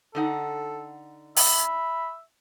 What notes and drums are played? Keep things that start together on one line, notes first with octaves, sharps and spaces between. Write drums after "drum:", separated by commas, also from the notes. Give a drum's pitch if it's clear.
D3 D#4 A4 F#5
E5 B5, drum: open hi-hat